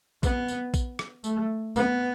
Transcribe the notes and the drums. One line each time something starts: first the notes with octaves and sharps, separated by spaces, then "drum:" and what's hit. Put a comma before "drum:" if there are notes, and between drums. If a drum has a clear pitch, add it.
B3, drum: kick A#1, tambourine
drum: tambourine
drum: kick A#1, tambourine
drum: rim click
A3, drum: tambourine
B3, drum: tambourine